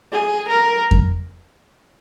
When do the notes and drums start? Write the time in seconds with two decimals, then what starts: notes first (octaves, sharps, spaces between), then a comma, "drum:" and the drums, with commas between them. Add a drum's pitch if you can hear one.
0.12 G#4
0.48 A#4
0.91 drum: kick F2